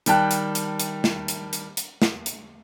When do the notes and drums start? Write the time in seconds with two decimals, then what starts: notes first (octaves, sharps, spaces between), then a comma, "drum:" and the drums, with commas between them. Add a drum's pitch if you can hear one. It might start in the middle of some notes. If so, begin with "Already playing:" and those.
0.06 D#3 G3 G5 A5 F#6, drum: hi-hat
0.31 drum: hi-hat
0.55 drum: hi-hat
0.80 drum: hi-hat
1.04 drum: snare
1.28 drum: hi-hat
1.53 drum: hi-hat
1.77 drum: hi-hat
2.02 drum: snare
2.26 drum: hi-hat